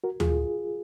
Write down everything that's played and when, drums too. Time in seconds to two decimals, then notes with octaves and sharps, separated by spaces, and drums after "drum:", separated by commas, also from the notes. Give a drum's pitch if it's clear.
0.04 F#4 A#4
0.20 F4 G#4, drum: tom